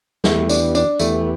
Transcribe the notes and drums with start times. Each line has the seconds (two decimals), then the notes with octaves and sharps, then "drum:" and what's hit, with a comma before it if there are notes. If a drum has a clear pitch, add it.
0.24 E2 E3 A3 B3 G4, drum: snare
0.49 D4, drum: tambourine
0.75 D4, drum: tambourine
0.99 E2 E3 A3 B3 G4, drum: tambourine